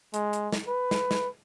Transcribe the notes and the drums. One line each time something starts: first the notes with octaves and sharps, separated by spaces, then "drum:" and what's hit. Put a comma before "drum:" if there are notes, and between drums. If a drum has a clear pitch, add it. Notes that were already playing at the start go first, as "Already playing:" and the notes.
G#3, drum: hi-hat
drum: hi-hat
drum: snare
B4
drum: snare
drum: snare